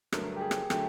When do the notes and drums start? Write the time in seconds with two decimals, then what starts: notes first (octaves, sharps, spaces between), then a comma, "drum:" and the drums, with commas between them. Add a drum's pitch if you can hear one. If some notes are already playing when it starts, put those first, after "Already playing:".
0.12 G2 D3 F#3 A3 A#4, drum: rim click
0.36 G4
0.41 G#4
0.51 drum: rim click
0.70 D3 F#3 A3 G4, drum: rim click